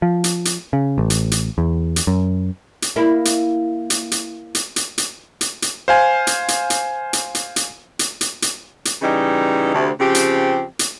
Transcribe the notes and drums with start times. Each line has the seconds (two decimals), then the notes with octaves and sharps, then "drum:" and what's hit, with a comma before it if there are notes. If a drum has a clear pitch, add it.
0.02 F3
0.24 drum: hi-hat
0.45 drum: hi-hat
0.73 C#3
0.98 A1
1.10 drum: hi-hat
1.31 drum: hi-hat
1.58 E2
1.96 drum: hi-hat
2.07 F#2
2.82 drum: hi-hat
2.96 A#3 E4
3.25 drum: hi-hat
3.90 drum: hi-hat
4.11 drum: hi-hat
4.55 drum: hi-hat
4.76 drum: hi-hat
4.98 drum: hi-hat
5.41 drum: hi-hat
5.62 drum: hi-hat
5.88 C5 F5 G#5
6.27 drum: hi-hat
6.48 drum: hi-hat
6.70 drum: hi-hat
7.13 drum: hi-hat
7.35 drum: hi-hat
7.56 drum: hi-hat
7.99 drum: hi-hat
8.21 drum: hi-hat
8.42 drum: hi-hat
8.85 drum: hi-hat
9.02 C#3 E3 G3 D#4
9.75 D2 C3
9.99 C#3 F3 C4 G4
10.15 drum: hi-hat
10.79 drum: hi-hat